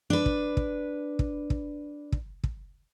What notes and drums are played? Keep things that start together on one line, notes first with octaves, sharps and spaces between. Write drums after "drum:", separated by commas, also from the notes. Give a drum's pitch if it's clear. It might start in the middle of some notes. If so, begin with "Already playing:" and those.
D4 B4
drum: kick
drum: kick
drum: kick
drum: kick
drum: kick
drum: kick